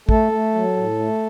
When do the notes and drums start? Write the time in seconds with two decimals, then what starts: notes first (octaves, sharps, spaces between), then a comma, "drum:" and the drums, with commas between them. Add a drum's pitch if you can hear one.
0.09 A3 A4, drum: kick
0.32 A3
0.54 F#3
0.77 A2
0.99 A3